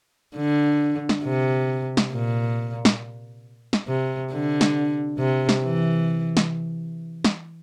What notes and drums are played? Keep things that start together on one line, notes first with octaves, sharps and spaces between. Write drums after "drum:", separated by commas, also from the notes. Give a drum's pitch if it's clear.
D3
drum: snare
C3
drum: snare
A#2
drum: snare
drum: snare
C3
D3
drum: snare
C3
drum: snare
E3
drum: snare
drum: snare